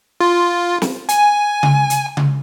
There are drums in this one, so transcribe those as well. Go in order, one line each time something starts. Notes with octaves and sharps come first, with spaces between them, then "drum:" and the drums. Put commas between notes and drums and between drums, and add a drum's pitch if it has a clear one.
F4
drum: snare
G#5, drum: hi-hat
drum: tom C#3
drum: hi-hat
drum: tom C#3